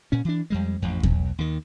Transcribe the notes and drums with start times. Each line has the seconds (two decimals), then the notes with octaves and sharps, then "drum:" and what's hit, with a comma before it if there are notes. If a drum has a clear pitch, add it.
0.12 A#2 C#4
0.25 E3 D4
0.50 F2 G3 G#3
0.82 A1 F2
1.03 B1, drum: kick E2
1.38 D#2 D#3